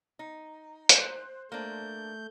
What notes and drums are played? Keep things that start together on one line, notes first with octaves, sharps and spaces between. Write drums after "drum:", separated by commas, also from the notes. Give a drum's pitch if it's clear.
D#4
C5 F#6, drum: hi-hat
A3 A#3 D4 G6